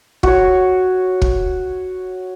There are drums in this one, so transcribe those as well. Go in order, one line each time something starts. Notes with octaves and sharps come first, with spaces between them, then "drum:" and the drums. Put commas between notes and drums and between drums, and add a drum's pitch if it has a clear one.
F#4 C#5, drum: kick
drum: kick